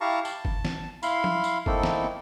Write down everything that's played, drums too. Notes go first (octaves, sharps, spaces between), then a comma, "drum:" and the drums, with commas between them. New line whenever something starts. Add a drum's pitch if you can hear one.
E4 G4 F5 A5 A#5 C#6
A5, drum: tambourine
drum: kick F#1
drum: snare
E4 F5 B5 C6, drum: tambourine
drum: tom F3
drum: tambourine
A3 A#3 C4 D#4 E4 A4, drum: kick F#1
drum: snare